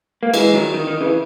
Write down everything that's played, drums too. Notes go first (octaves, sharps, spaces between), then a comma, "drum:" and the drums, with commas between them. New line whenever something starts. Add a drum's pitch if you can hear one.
A#3
E3 G#3, drum: cymbal
D#3 F#3
D#3
D#3
C#3 E3